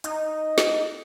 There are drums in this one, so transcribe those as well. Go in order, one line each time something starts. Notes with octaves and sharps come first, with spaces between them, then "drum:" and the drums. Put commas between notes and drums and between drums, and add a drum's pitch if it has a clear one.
D#4, drum: hi-hat
drum: snare